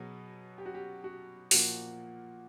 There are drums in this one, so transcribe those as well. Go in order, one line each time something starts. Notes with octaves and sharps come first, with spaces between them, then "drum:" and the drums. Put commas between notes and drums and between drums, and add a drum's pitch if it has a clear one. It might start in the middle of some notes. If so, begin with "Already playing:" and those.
Already playing: B2 F#3 B3 G#4
G4
F#4
G4
F#4
A#2 F3 A#3 F#4, drum: open hi-hat